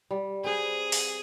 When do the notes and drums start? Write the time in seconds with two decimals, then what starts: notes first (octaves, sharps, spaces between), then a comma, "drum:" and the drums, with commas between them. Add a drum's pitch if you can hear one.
0.11 G3
0.44 C4 G#4 B4 C5
0.92 drum: open hi-hat